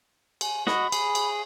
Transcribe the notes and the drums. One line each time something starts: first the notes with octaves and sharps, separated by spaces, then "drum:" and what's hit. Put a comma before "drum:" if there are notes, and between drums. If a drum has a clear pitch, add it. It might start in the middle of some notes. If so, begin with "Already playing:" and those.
G#5, drum: cymbal
F#4 D#5 B5, drum: snare
G#4, drum: cymbal
drum: cymbal